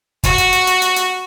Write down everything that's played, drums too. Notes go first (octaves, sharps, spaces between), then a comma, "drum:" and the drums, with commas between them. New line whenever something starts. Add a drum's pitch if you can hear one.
F#4, drum: kick, hi-hat
drum: hi-hat
drum: hi-hat
drum: hi-hat
drum: hi-hat
drum: hi-hat